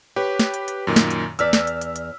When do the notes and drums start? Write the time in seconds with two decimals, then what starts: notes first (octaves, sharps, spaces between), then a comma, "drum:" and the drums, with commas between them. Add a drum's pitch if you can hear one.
0.16 G4 B4 C#5
0.40 drum: snare
0.54 drum: hi-hat
0.68 drum: hi-hat
0.87 F#2 A#2 D#3
0.96 drum: snare
1.10 drum: hi-hat
1.39 E2 D5 E6 F6 B6, drum: hi-hat
1.53 drum: snare
1.67 drum: hi-hat
1.81 drum: hi-hat
1.96 drum: hi-hat